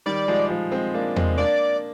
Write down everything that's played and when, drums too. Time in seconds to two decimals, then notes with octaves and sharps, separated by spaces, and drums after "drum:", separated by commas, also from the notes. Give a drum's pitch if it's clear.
0.06 D#3 G3 D5
0.28 F3 G#3
0.50 F3 G#3
0.72 G#3 C4
0.94 A#3 D4
1.16 G#3 C4, drum: tom E2
1.37 A#3 D4 D5